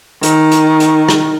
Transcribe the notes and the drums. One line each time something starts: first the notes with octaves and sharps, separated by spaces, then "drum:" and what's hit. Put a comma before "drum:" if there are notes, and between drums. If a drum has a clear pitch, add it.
D#3, drum: hi-hat
drum: hi-hat
drum: hi-hat
drum: rim click